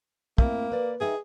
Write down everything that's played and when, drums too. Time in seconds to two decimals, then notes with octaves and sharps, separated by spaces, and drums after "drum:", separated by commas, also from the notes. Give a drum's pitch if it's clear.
0.38 A3 A#3 C4 E4, drum: kick
0.72 B4 D5
1.01 D#4 G#4 E5 G5